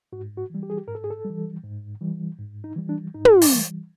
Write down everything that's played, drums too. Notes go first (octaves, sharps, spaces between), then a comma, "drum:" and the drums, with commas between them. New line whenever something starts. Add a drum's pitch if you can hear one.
G#2 F#4
F#4
E3 G3
G4
G#4
G4
G#2 A#4
A4
G#4
A4
G3
E3
G#2
E3 G3
G#2
D#4
E3 G3
D4
G#2 D#4
drum: tom
drum: open hi-hat
E3 G3